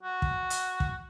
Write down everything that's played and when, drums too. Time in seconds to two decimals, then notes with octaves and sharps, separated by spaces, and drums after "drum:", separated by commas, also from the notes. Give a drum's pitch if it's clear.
0.03 F#4
0.22 drum: kick
0.50 drum: hi-hat
0.80 drum: kick